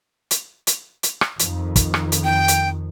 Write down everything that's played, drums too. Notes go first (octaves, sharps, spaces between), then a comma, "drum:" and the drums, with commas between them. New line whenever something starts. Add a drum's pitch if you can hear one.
drum: hi-hat
drum: hi-hat
drum: hi-hat
drum: rim click
F2 D#3, drum: hi-hat
drum: kick, hi-hat
drum: rim click
drum: hi-hat
G5
drum: hi-hat